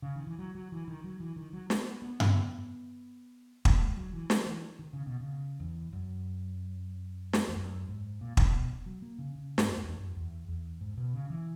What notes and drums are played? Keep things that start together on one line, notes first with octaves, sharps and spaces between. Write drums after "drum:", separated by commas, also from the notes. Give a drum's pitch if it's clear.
C#3
D#3
E3
F#3
F#3
E3
D#3
F#3
E3
D#3
F#3
B3, drum: snare
B3
drum: tom G2
B3
A#3, drum: kick
G#3
F#3
E3
F#3, drum: snare
E3
D#3
C#3
B2
C#3
E2
F#2
drum: snare
E2
F#2
G#2
A#2
A#2, drum: kick
B2
F#3
A#3
C#3
C#3
G#2, drum: snare
F#2
F#2
E2
F#2
E2
E2
G#2
B2
C#3
E3